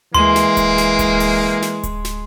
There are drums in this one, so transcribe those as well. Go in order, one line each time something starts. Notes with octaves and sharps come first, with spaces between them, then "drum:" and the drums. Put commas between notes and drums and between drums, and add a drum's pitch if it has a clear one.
E3 G#3 A#3 C6, drum: tom D2
drum: snare
drum: kick D1, hi-hat
drum: snare
drum: kick D1, hi-hat
drum: open hi-hat
drum: snare
drum: kick D1, hi-hat
drum: snare